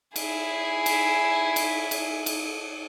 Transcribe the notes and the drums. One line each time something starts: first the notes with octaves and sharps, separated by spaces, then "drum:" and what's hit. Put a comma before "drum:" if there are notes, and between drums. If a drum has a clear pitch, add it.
E4 G#4, drum: cymbal
drum: cymbal
drum: cymbal
drum: cymbal
drum: cymbal